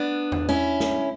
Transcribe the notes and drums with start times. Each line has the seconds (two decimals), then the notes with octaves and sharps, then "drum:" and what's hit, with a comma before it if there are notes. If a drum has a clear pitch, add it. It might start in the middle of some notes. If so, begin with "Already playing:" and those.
Already playing: B3 D4
0.32 drum: tom E2
0.49 C#4 E4
0.80 drum: snare